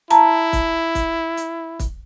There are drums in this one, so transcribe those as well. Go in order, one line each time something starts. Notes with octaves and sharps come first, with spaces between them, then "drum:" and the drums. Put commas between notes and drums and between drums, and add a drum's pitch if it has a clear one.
E4 A5 A#5, drum: hi-hat
drum: kick, hi-hat
drum: kick, hi-hat
drum: hi-hat
drum: kick, hi-hat